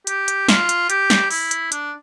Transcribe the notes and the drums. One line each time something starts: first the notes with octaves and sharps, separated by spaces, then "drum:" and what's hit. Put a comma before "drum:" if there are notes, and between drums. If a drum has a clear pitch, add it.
G4, drum: hi-hat
drum: hi-hat
F4, drum: snare
drum: hi-hat
G4, drum: hi-hat
drum: snare
E4, drum: open hi-hat
drum: hi-hat
D4, drum: hi-hat